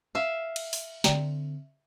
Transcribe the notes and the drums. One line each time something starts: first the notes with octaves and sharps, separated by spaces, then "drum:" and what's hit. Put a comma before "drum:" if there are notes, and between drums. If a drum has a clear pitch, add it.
E5 F5
drum: cymbal
drum: open hi-hat
D3 C4 D5 G5 A#5, drum: snare